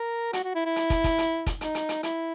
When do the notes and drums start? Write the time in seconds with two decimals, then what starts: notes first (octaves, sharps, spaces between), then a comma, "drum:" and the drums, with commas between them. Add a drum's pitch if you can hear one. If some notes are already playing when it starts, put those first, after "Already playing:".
Already playing: A#4
0.33 F#4, drum: hi-hat
0.44 F#4
0.55 E4
0.66 E4
0.76 drum: hi-hat
0.90 drum: kick, hi-hat
1.04 drum: kick, hi-hat
1.18 drum: hi-hat
1.47 drum: kick, hi-hat
1.61 D#4, drum: hi-hat
1.75 drum: hi-hat
1.89 drum: hi-hat
2.03 E4, drum: hi-hat